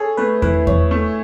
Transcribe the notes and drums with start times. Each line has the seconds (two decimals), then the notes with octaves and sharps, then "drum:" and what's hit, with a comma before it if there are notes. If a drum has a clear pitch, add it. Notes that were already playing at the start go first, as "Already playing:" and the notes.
Already playing: G#4 A4 C#5
0.17 A3 B4
0.42 E4 B4, drum: kick E2
0.67 C#5, drum: kick E2
0.91 A3